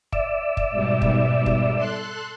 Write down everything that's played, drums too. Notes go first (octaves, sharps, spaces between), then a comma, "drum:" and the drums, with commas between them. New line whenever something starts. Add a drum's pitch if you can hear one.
D5 E5, drum: kick
drum: kick
G#2 B2 G3
drum: kick
drum: kick
A4 C6 F#6